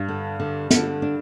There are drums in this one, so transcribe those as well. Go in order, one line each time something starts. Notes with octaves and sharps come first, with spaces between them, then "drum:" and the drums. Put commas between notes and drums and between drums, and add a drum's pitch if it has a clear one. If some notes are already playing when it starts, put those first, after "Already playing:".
Already playing: G2
D3
D3
D3, drum: hi-hat
D4